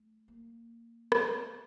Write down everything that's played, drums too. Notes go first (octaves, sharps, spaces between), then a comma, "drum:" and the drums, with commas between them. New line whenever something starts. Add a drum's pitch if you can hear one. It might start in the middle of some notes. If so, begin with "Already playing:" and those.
Already playing: A3
A#3
drum: rim click